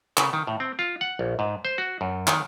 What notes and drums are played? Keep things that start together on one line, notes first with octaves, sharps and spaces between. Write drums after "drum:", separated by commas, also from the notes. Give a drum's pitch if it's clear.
C#3, drum: clap
D#3
A2
C4
F4
F#5
A#1
G#2
C5
F#4
F#2
D#3, drum: clap